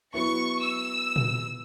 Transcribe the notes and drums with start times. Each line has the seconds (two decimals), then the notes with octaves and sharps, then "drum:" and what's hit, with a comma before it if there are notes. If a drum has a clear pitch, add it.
0.14 F#3 B3 E4 C#6
0.61 E6
1.16 drum: tom A#2